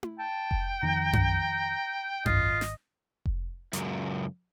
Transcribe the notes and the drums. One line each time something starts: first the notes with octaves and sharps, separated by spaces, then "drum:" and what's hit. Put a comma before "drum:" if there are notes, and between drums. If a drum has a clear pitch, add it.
drum: tom E4
G5 A5
drum: kick F1
F2 D#3 A#5
drum: tom F#2
G#1 F4 D#5, drum: tom F#2
drum: snare
drum: kick F1
C#2 F#2, drum: hi-hat